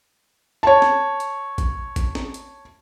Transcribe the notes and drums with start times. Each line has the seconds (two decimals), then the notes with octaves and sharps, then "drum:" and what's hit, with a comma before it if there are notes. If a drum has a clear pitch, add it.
0.63 C#5 A5
0.82 drum: snare
1.20 drum: hi-hat
1.58 drum: kick, hi-hat
1.96 drum: kick, hi-hat
2.15 drum: snare
2.34 drum: hi-hat